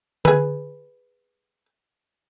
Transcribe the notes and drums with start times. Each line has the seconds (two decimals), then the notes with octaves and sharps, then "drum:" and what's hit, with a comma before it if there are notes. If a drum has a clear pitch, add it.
0.25 G#4 B4, drum: tom D3